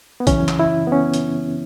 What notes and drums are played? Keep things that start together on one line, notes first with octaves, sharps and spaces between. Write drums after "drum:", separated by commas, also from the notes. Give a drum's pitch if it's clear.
B3
F#2 C#3 E3 C#4, drum: kick, hi-hat
drum: clap
E4
B3
C#4
drum: hi-hat